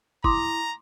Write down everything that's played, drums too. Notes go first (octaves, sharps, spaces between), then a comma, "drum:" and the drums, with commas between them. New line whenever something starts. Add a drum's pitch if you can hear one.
E4 A#5 C6 D6 D#6, drum: kick